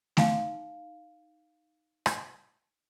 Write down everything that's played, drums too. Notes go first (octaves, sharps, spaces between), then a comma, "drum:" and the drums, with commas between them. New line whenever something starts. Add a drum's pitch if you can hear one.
D#4 F5, drum: snare A3
drum: rim click